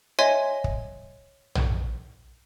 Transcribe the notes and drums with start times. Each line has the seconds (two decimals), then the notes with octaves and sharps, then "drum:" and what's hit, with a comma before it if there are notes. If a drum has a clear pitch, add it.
0.19 C#5 D#5 E5 G#5 C6
0.64 drum: kick
1.55 drum: tom A#1